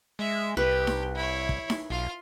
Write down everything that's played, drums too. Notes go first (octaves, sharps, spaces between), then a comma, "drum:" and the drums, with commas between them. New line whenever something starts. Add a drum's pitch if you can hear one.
G#3 E5
C2 G4 B4
drum: snare D#4
E4 C#5
drum: kick
drum: snare D#4
B1 F4 F5